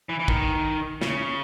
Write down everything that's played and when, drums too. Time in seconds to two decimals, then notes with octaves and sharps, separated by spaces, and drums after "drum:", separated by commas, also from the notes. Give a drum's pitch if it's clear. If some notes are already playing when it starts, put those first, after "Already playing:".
0.09 E3
0.20 E3
0.28 D#3, drum: kick
1.01 C#3, drum: snare